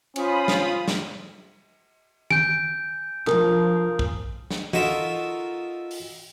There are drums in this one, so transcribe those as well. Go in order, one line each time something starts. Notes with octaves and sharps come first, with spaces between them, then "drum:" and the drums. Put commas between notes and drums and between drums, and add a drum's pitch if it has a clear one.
C#4 F4 C5 B5 D#6, drum: cymbal
drum: snare
drum: snare
G#5 G6 D7, drum: tom D#3
F3 A#4 D#6, drum: clap
drum: kick
drum: snare
D#4 F4 F#4 A4 A#4 E5, drum: tom E3
drum: open hi-hat